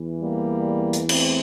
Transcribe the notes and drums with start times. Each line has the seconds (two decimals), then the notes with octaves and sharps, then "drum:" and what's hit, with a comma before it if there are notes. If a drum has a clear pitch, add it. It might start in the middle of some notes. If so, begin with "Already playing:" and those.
Already playing: E2 E3
0.21 G3 A#3
0.93 drum: hi-hat
1.09 A3 C4, drum: cymbal